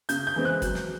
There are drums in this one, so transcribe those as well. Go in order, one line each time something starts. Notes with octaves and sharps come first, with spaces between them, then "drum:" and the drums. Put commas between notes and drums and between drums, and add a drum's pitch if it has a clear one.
C#3 G6, drum: hi-hat
G6
E3 G#3 C4
F#6
F#3, drum: kick, hi-hat
drum: snare